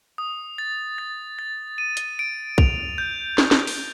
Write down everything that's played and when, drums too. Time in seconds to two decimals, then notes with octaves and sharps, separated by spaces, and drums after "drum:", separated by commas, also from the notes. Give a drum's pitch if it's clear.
0.18 D#6
0.58 A6
0.98 A6
1.39 A6
1.78 D#7
1.97 drum: hi-hat
2.19 D7
2.58 F7, drum: kick
2.98 G6
3.38 G6, drum: snare
3.51 drum: snare
3.67 drum: open hi-hat